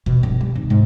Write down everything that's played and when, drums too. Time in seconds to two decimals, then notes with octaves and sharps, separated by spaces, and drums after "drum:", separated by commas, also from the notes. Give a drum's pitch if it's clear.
0.06 B2, drum: kick D#2
0.23 G2 D3
0.41 G3
0.55 C3 D#4
0.70 G#2 C3